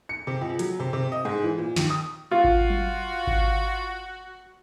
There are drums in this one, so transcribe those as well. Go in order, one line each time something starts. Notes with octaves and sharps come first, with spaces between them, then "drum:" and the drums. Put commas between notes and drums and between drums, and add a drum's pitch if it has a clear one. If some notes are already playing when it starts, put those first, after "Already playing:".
C#7
C3
C#2
F#3, drum: hi-hat
C3
C3
D#5
G#2
E3
A#2
D#2, drum: snare
D#6
F4 F#4
drum: kick G#1
drum: tom F#3
drum: kick G#1